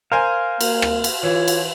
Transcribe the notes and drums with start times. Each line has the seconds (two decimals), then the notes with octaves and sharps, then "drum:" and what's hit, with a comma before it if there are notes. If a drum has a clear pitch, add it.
0.12 A#4 C5 F5 G#5
0.61 A#3, drum: cymbal
0.82 drum: rim click
1.04 drum: cymbal
1.23 E3 F4 C#5
1.48 drum: cymbal